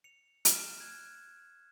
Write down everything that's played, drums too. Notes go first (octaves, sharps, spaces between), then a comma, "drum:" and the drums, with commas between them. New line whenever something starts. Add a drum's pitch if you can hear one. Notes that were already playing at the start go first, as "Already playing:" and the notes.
C#7 F7
F6 A6 E7, drum: hi-hat
F6 F#6 G#6